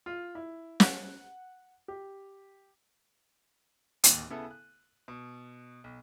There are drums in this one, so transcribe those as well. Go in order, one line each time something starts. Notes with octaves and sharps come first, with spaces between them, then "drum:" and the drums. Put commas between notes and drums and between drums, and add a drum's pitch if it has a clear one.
F4
E4
F#5, drum: snare
G4
D1 D#2 D#7, drum: hi-hat
C#3 B3 E4 A4
F#6
B2
B1